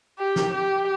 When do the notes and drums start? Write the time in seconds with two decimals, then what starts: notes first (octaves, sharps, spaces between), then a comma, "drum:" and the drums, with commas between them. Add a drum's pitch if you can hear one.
0.19 G4
0.36 drum: snare
0.53 G4